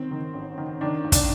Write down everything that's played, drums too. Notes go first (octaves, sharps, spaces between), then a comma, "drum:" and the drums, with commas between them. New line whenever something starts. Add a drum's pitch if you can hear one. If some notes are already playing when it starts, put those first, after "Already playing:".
Already playing: D#3 C4
D#3
A1
D#3
D#3 D4
D#2
D4, drum: kick, hi-hat